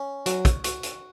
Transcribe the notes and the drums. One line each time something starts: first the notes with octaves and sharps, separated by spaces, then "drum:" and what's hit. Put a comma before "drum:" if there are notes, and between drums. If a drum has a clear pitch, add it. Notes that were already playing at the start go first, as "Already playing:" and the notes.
Already playing: C#4
F#3 F#4, drum: hi-hat
drum: kick, hi-hat
F#4, drum: hi-hat
drum: hi-hat